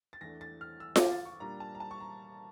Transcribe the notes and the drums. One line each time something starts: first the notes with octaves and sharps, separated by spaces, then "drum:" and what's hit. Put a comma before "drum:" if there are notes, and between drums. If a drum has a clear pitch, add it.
A6
E2 E3 A3 D4 A#6
A6
F6
E6
D6, drum: snare F4
A6
C#6
A#2 G3 A#3 D4 A#5
A5
A#5
A5
C#6
A#5